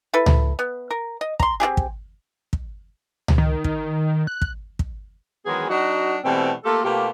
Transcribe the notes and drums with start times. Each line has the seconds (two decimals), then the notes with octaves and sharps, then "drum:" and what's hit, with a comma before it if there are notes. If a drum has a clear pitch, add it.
0.14 E4 A4 B4
0.26 drum: tom C#2
0.59 B3
0.91 A#4
1.21 D#5
1.40 A#5 C6, drum: kick
1.60 C4 F4 G4 G#4
1.77 drum: kick
2.53 drum: kick
3.28 drum: tom C#2
3.38 D#3
3.64 D#3, drum: kick
4.27 F#6
4.42 drum: kick
4.79 drum: kick
5.46 D#3 E3 F#3 G#3 B3 G#4
5.69 F#3 D4 D#4 F#4
6.25 B2 E3 G3 A3 C4
6.64 A3 A#3 F4 G4 A4
6.84 B2 A3 A#3 F4 G4